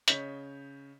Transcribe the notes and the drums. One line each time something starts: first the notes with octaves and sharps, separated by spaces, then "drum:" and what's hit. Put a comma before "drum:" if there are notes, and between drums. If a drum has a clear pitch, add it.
C#3 C#5 D#5 G6 B6, drum: hi-hat